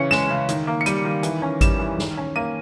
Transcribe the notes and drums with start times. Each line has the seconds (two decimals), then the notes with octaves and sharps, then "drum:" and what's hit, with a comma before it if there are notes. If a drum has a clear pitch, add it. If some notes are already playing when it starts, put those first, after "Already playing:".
Already playing: C#3 E3 C#4 C#7
0.11 G#3 E7, drum: snare
0.30 C#3
0.49 D#3, drum: hi-hat
0.67 A#3
0.81 C#7
0.86 G3 D#7, drum: hi-hat
1.05 D#3
1.23 E3, drum: hi-hat
1.42 C#4
1.61 G3 E7, drum: kick G#1, hi-hat
1.79 E3
1.98 D#3, drum: snare
2.17 C#4
2.36 A#3 D#7